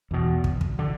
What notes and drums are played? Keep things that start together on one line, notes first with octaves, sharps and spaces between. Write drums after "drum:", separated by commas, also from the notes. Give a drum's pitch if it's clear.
E2 B2
drum: kick
drum: kick
D3